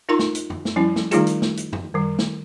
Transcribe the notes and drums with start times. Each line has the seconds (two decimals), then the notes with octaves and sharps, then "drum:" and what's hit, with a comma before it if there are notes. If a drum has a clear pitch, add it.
0.09 D#4 F4 A#4 A#5 C6 C#6
0.19 drum: snare
0.35 drum: hi-hat
0.50 drum: tom F#2
0.65 drum: snare
0.76 F3 G3 C#4 E4
0.96 drum: snare
1.11 D#3 G3 A3 D#4 F4 G#4, drum: hi-hat
1.27 drum: hi-hat
1.42 drum: snare
1.57 drum: hi-hat
1.73 drum: tom F#2
1.95 D#3 G3
2.19 drum: snare